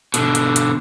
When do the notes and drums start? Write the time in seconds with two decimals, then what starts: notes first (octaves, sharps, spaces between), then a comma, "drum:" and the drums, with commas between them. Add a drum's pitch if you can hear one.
0.14 B2 D3, drum: hi-hat
0.35 drum: hi-hat
0.56 drum: hi-hat